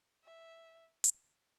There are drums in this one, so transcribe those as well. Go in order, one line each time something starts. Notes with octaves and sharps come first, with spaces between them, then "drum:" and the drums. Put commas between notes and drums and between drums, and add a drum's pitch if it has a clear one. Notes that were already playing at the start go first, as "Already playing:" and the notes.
E5
drum: hi-hat